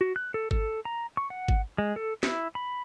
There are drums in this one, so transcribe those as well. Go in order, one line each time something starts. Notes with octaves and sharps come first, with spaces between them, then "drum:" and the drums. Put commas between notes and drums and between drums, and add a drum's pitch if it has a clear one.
F#4
F#6
A4
A4, drum: kick
A#5
C#6
F#5
drum: kick
G#3
A4
E4, drum: snare
B5